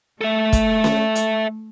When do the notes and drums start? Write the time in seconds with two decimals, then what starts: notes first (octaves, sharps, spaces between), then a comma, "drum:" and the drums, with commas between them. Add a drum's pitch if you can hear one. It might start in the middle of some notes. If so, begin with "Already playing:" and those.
0.21 A3 A4 E5
0.53 drum: kick, hi-hat
0.84 drum: snare C#4
1.15 drum: hi-hat